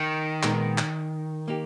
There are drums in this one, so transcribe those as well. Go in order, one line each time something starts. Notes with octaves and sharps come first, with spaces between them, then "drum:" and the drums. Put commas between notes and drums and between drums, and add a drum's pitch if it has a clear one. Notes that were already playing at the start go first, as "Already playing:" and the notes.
Already playing: D#3
A#2 G#3 B3 D#4 A#4, drum: clap
drum: clap
A#3 D#4 G4